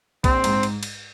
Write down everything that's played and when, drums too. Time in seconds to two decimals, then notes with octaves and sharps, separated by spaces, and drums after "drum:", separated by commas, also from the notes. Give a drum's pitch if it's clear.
0.24 A#1 C4, drum: kick B1, cymbal
0.44 G#2, drum: cymbal
0.63 drum: cymbal
0.83 drum: cymbal